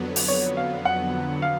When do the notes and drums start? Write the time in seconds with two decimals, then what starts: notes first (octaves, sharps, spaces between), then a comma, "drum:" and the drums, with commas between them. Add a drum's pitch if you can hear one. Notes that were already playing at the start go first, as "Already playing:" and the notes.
Already playing: F2 D3 F#3 B3
0.16 drum: open hi-hat
0.28 C#5
0.57 F5
0.85 F#5
1.42 F5